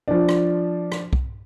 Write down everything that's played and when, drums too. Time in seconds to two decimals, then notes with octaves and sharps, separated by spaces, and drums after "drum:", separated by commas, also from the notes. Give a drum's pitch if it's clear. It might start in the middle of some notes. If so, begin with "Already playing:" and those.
0.08 F3 D4
0.29 drum: rim click
0.92 drum: rim click
1.13 drum: kick